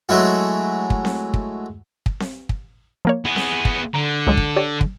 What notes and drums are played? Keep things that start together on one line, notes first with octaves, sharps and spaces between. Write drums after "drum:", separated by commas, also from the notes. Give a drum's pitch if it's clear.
F#3 G#3 A3 E4 F#4
drum: kick
drum: snare C4
drum: kick
drum: kick
drum: snare C4
drum: kick
F3 A#3 C#5
B3 G#4
drum: snare C4
drum: kick
D3 A#5
C#2 F#3 G#3
drum: kick
G4 C#5 D5
drum: kick